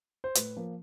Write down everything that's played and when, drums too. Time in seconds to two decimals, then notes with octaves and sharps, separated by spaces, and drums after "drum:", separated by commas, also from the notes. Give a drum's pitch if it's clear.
0.24 C5
0.35 A2 B4, drum: hi-hat
0.56 F3 A#3